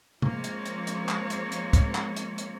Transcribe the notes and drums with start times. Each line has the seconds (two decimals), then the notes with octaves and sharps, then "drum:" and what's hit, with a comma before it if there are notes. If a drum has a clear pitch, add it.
0.22 F3 G#3 A#3 C4 C#5, drum: tom C3
0.44 drum: hi-hat
0.66 drum: hi-hat
0.87 drum: hi-hat
1.09 drum: clap
1.30 drum: hi-hat
1.52 drum: hi-hat
1.73 drum: kick, hi-hat
1.95 drum: clap
2.16 drum: hi-hat
2.38 drum: hi-hat